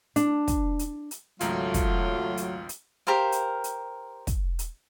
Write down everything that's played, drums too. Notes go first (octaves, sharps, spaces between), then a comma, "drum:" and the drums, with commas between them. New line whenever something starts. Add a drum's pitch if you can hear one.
D4, drum: hi-hat
drum: kick, hi-hat
drum: hi-hat
drum: hi-hat
G#1 C#2 F#3 A3 F4 A#5, drum: hi-hat
drum: kick, hi-hat
drum: hi-hat
drum: hi-hat
G4 A#4 C5 F5
drum: hi-hat
drum: hi-hat
drum: kick, hi-hat
drum: hi-hat